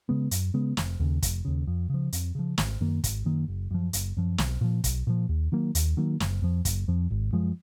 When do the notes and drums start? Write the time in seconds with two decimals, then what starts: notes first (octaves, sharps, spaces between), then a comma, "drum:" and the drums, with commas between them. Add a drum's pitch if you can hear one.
0.09 C#3 G#3 B3
0.31 F#2, drum: hi-hat
0.54 C#3 G#3 B3
0.77 F1, drum: snare
1.00 D#2 C#3
1.22 F1, drum: kick, hi-hat
1.45 D#2 C#3
1.67 F2
1.90 C#3 F3
2.13 F2, drum: hi-hat
2.35 C#3 F3
2.58 G#1, drum: snare
2.81 F#2 D#3 A#3
3.04 G#1, drum: kick, hi-hat
3.25 F#2 D#3 A#3
3.48 F#1
3.71 F#2 F3
3.93 F#1, drum: hi-hat
4.17 F#2 F3
4.38 B1, drum: snare
4.61 A#2 F3
4.84 B1, drum: kick, hi-hat
5.07 A#2 F3
5.29 D#2
5.52 D#3 F#3 A#3
5.75 D#2, drum: hi-hat
5.97 D#3 F#3 A#3
6.20 F#1, drum: snare
6.42 F2 F3
6.65 F#1, drum: kick, hi-hat
6.88 F2 F3
7.11 G#1
7.32 F#2 F3 G#3